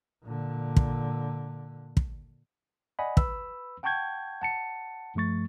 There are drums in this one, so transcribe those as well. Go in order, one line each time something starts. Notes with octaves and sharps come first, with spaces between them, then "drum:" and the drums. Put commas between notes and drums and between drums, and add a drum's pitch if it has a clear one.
A#2 D3
drum: kick
drum: kick
D5 D#5 F#5 G#5 B5
B4 B5 E6, drum: kick
F#5 G5 A5 C#6 G6 G#6
F#5 A5 C#7
G2 F3 A3 C#6 A6